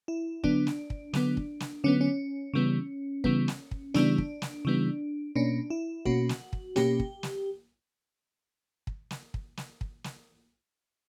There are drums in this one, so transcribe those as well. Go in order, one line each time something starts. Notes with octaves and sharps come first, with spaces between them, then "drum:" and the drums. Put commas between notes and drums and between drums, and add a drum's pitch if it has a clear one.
E4
D3 F#3 B3 D4, drum: kick
drum: snare
drum: kick
D3 F#3 B3, drum: snare
drum: kick
drum: snare
D3 F#3 B3 C#4
C#4
C#3 E3 G3 B3
C#3 E3 G3 B3, drum: kick
drum: snare
drum: kick
C#3 E3 G3 B3 D4, drum: snare
drum: kick
drum: snare
C#3 E3 G3 B3
B2 A#3 C#4 D4
E4
B2 A#3 C#4 F#4, drum: kick
drum: snare
drum: kick
B2 A#3 C#4 G4, drum: snare
drum: kick
drum: snare
drum: kick
drum: snare
drum: kick
drum: snare
drum: kick
drum: snare